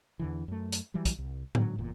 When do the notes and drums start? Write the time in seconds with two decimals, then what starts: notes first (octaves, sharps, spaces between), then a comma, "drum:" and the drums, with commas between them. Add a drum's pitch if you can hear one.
0.19 E2 D3 E3
0.48 F#2 A3
0.72 drum: hi-hat
0.94 E3 F#3 G3
1.05 drum: kick, hi-hat
1.18 C2
1.55 G#2 D3 F#3, drum: tom A2
1.78 F#1 E2 A#2